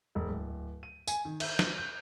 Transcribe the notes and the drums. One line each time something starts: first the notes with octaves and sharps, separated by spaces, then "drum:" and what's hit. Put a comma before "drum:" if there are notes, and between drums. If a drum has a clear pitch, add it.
E1
D1
D#7
G#5, drum: tambourine
D#3
E5, drum: cymbal
drum: snare
G6